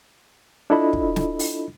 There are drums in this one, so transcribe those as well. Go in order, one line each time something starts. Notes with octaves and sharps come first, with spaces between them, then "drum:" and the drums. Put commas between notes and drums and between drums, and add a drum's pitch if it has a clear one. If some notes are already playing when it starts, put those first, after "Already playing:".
D4 E4 F4 A4 D#5 B5
drum: kick
drum: snare
drum: open hi-hat